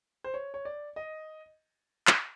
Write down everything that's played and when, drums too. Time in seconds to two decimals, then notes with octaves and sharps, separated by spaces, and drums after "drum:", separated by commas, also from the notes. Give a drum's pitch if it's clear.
0.24 C5
0.34 C#5
0.54 C#5
0.65 D5
0.96 D#5
2.07 drum: clap